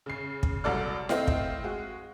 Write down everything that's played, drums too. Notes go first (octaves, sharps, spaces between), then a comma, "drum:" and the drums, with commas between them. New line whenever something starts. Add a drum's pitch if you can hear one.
C#3 C7
drum: kick
C2 F#3 A4 D5 F6
A3 C4 E4 D#5 F5 G5, drum: snare E4
drum: kick
G#3 F#4